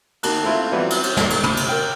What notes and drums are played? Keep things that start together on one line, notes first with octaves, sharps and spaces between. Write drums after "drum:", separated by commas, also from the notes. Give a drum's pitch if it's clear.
D#3 A#3 A5 A#5 F#6, drum: cymbal
A3 C4 E4 F4
E3 F#3 G3 B3 C4
drum: cymbal
drum: cymbal
D#2 A#2, drum: snare
drum: cymbal
B5, drum: tom
drum: cymbal
A#4 G5 F6